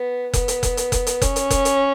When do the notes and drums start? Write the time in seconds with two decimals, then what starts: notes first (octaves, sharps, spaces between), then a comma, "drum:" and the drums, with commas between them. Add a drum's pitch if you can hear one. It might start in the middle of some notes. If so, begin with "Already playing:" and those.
Already playing: B3
0.33 B3, drum: kick F1, hi-hat
0.48 drum: hi-hat
0.63 drum: kick F1, hi-hat
0.77 drum: hi-hat
0.92 drum: kick F1, hi-hat
1.07 drum: hi-hat
1.22 C#4, drum: kick F1, hi-hat
1.36 drum: hi-hat
1.50 drum: kick F1, hi-hat
1.65 drum: hi-hat